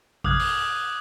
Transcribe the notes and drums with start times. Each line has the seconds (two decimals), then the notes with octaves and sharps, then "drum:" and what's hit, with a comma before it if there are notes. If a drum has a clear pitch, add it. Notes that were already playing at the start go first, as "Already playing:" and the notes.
0.24 D6 D#6 F6 F#6 G#6, drum: kick
0.39 drum: open hi-hat